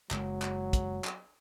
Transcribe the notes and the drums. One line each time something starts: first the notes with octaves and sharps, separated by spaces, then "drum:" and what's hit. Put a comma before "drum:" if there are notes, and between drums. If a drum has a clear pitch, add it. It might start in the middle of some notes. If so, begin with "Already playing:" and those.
F#1 F#3 G#3, drum: clap
drum: clap
drum: kick, hi-hat
drum: clap